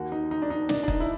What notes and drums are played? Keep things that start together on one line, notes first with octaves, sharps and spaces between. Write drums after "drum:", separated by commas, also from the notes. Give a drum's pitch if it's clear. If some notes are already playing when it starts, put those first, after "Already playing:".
Already playing: D#2 D#3 F#4
D#4
D#4
D4
D#4
D4, drum: snare
D4
D#4, drum: kick
E4